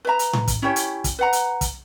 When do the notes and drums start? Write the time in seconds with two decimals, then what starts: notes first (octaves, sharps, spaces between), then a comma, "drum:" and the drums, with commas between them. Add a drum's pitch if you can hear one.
0.05 B4 E5 A#5
0.19 drum: hi-hat
0.33 drum: tom A2
0.48 drum: kick, hi-hat
0.62 C#4 E4 G4 C#5
0.76 drum: hi-hat
1.04 drum: kick, hi-hat
1.19 B4 F#5 A#5
1.33 drum: hi-hat
1.61 drum: kick, hi-hat